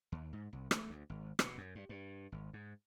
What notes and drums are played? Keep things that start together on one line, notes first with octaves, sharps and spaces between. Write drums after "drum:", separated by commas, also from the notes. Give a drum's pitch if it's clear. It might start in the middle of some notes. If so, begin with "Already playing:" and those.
D#2
G#2
C2
A3, drum: rim click
D2
G#1
B2, drum: rim click
F#2
G2
G2
G#1
G#2